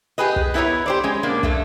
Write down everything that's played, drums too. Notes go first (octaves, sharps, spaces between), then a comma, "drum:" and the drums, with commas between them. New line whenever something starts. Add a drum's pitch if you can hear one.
G4 G#4 B4 D#5
drum: kick
B3 E4 A4 B4 C#5 A#5
G4 C5 D5
G#3 C#4
B2 A#3 D4
G2 A3, drum: kick